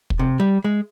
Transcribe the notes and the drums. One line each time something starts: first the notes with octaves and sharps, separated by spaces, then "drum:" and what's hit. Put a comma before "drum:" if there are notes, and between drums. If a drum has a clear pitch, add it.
drum: kick
C3
G3
G#3